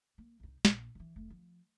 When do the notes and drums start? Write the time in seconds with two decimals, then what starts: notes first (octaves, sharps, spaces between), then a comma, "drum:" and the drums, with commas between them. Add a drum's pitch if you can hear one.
0.18 A#3
0.40 C2 D#4
0.65 A#1, drum: snare
0.95 D3 E3
1.16 F1 A3
1.30 F3